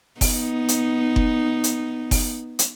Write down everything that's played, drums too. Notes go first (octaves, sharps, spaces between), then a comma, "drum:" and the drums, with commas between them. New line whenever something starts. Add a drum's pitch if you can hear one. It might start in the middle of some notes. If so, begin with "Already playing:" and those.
B3 D#4, drum: kick F#1, open hi-hat
drum: hi-hat
drum: kick F#1
drum: hi-hat
drum: kick F#1, open hi-hat
drum: hi-hat